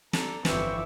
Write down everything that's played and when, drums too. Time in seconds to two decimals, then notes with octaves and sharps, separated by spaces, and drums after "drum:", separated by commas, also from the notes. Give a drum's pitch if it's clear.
0.13 D4 A4 A#5, drum: snare
0.45 G1 F2 E3 C4 B4 E5 C#6 D6, drum: snare